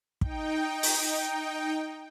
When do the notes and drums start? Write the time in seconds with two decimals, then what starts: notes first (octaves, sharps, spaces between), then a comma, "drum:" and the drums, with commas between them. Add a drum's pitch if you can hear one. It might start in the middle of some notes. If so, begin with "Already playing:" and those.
0.21 D#4 G5, drum: kick
0.83 drum: open hi-hat